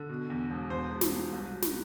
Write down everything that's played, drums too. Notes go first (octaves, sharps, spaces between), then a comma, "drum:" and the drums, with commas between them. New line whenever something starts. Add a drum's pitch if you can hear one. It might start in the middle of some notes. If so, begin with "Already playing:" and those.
Already playing: D3
B2
E2
E1
E2 C5
E1
drum: snare
F#3
C2
F#3
drum: snare